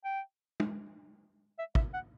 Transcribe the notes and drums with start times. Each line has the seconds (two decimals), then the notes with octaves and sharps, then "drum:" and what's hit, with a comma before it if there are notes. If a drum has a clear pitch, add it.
0.04 G5
0.60 drum: tom
1.58 E5
1.75 E5, drum: kick
1.93 F#5